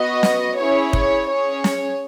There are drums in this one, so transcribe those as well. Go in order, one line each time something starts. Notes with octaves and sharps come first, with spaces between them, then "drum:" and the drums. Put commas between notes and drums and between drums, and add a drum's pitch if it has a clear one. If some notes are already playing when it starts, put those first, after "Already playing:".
Already playing: B3 F#4 D#5
drum: snare
C#4 E4 G#4 C#5
C#5, drum: kick
C#4 G#4 C#5
drum: snare